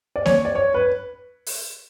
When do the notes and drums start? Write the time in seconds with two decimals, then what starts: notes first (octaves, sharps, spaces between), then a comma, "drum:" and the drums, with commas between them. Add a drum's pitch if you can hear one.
0.16 D5
0.26 C#5, drum: snare A#3
0.45 D5
0.55 C#5
0.74 B4
1.46 drum: open hi-hat